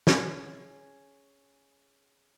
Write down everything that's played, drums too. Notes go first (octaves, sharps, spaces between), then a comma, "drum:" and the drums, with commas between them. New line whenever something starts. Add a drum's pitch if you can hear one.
C#4 G#4, drum: snare